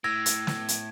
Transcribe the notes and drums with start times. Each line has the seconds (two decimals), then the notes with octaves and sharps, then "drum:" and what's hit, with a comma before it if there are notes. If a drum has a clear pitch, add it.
0.04 A2 E6 G#6 A#6
0.26 drum: hi-hat
0.47 drum: snare
0.69 drum: hi-hat